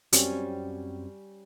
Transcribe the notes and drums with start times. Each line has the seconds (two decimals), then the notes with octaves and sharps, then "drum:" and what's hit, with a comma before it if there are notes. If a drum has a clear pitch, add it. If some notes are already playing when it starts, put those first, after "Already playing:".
0.13 F#2 F#3 G3 C4 C#4, drum: hi-hat